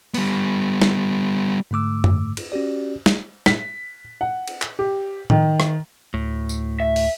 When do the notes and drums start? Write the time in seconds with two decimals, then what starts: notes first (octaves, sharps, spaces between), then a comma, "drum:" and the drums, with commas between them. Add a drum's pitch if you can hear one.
0.14 G3 B3, drum: open hi-hat
0.82 drum: snare
1.71 G#2 D3 A3 D6 E6
2.04 drum: tom F#2
2.37 drum: cymbal
2.52 C#4 F#4 G4 D5
3.06 drum: snare
3.46 B6, drum: snare
4.21 F#5
4.48 drum: cymbal
4.62 drum: clap
4.79 G4
5.30 D#3, drum: tom A2
5.60 drum: rim click
6.14 D2 A2
6.49 drum: tambourine
6.80 E5
6.96 drum: open hi-hat